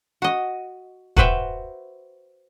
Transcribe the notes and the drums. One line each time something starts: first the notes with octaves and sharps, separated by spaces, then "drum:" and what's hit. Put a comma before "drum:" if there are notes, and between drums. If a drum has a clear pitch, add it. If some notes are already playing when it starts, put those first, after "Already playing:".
F#4 D#5
F#4 B4 C5 E5 G5, drum: kick